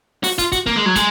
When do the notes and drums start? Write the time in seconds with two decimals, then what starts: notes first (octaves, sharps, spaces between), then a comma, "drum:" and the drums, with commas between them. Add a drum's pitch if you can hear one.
0.24 F#4, drum: open hi-hat
0.38 F4, drum: kick, hi-hat
0.52 F#4, drum: kick, hi-hat
0.66 A#3, drum: snare
0.76 G#3
0.86 F#3
0.96 G#3, drum: kick, hi-hat